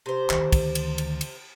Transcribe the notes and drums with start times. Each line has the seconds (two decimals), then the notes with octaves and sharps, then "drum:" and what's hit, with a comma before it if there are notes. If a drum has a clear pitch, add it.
0.06 C3 C5
0.30 D2 D#3, drum: clap
0.53 drum: kick, cymbal
0.75 drum: cymbal
0.98 drum: cymbal
1.21 drum: cymbal